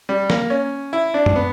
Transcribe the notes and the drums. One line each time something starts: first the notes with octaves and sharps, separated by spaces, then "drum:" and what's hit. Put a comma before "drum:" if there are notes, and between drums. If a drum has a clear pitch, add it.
G3
A#3, drum: snare
C#4
E4
D4
drum: tom F#2
B3